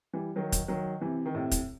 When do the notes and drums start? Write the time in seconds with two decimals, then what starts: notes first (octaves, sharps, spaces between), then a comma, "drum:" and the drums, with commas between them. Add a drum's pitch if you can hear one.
0.13 E3 G3
0.36 D#3 F#3
0.52 drum: kick, hi-hat
0.68 D#3 F#3
1.01 C3 E3
1.26 D#3
1.35 A2 C3
1.51 drum: kick, hi-hat